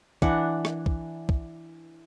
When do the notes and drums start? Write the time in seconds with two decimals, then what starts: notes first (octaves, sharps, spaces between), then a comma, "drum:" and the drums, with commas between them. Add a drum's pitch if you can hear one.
0.22 E3 D4 F#5, drum: kick
0.65 drum: rim click
0.86 drum: kick
1.29 drum: kick